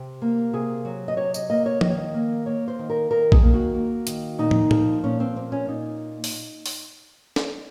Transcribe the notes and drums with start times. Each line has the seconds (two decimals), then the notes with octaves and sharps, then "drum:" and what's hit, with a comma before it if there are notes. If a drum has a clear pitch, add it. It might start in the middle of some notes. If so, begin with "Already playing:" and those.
Already playing: C3
0.22 A#3
0.53 C3 G#4
0.85 F#3
1.08 D#5
1.17 C3 C#5
1.34 D#5, drum: tambourine
1.50 A#3 D#5
1.66 C#5
1.81 D#3 D#5, drum: tom
1.90 C#5
1.98 D#5
2.14 A#3
2.46 A#3 C#5
2.68 C5
2.79 D#3
2.90 A#4
3.10 D#3 A#4
3.32 G#4, drum: kick A#1
3.42 A#3
3.54 F#4
3.74 A#3
4.07 D#3, drum: hi-hat
4.38 A#2 D#4
4.51 drum: tom
4.71 F3, drum: tom A2
5.04 A#2 C#4
5.20 C4
5.36 A#3 C4
5.52 C#4
5.67 A#2 D#4
6.24 drum: open hi-hat
6.66 drum: open hi-hat
7.36 drum: snare